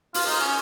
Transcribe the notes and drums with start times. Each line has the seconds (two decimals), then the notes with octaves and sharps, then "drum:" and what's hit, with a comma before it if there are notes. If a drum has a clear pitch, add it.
0.14 F4, drum: open hi-hat
0.26 D#4
0.40 C#4